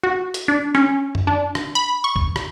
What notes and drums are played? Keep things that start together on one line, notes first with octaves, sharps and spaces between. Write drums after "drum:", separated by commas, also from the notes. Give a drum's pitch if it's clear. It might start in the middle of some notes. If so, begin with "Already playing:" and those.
F#4
drum: hi-hat
D4
C#4, drum: rim click
drum: tom F#2
D4
drum: rim click
B5
C#6
drum: kick C2
drum: rim click